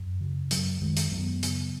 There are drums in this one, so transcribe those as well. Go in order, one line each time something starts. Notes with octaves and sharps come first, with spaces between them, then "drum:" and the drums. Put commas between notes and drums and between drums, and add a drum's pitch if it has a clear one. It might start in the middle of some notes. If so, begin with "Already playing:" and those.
Already playing: F#2
C#3
F#2 F#3, drum: hi-hat
F#2 D#3 G#3
drum: hi-hat
F#2 F#3 B3
C#3, drum: hi-hat